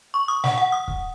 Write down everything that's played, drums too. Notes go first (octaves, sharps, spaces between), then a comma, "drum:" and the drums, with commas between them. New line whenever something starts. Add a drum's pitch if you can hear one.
C#6
D#6
F#5, drum: snare
F#5
D#6
drum: kick